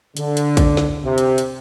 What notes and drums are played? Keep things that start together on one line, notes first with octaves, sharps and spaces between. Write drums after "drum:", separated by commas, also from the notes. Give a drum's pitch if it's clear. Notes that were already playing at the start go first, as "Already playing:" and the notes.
D3, drum: hi-hat
drum: hi-hat
drum: kick, hi-hat
drum: snare
C3
drum: hi-hat
drum: hi-hat